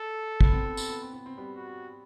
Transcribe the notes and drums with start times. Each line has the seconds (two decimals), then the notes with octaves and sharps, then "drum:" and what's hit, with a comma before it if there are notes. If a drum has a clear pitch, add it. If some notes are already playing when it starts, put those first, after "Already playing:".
Already playing: A4
0.41 B3, drum: kick
0.52 C4
0.65 B3
0.77 C4, drum: tambourine
0.89 B3
1.02 C4
1.13 B3
1.26 C4
1.38 G3 B3
1.56 F#4